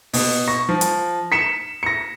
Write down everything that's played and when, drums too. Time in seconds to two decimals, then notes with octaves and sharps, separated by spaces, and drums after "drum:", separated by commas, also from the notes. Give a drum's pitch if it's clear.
0.13 B2, drum: open hi-hat
0.48 C#6 A#6
0.69 F3
0.81 drum: hi-hat
1.32 B6 C#7 E7
1.83 A#6 C#7